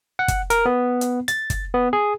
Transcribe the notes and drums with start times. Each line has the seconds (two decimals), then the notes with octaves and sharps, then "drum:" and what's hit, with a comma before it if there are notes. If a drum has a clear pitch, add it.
0.19 F#5
0.28 drum: kick, hi-hat
0.50 A#4, drum: hi-hat
0.66 B3
1.01 drum: hi-hat
1.28 A6, drum: hi-hat
1.50 drum: kick, hi-hat
1.74 B3
1.93 G#4